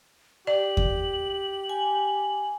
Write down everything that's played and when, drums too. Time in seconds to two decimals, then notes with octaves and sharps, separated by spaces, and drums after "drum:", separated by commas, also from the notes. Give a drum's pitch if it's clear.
0.47 G4 D5 F#7
0.77 drum: kick E2
1.69 G#5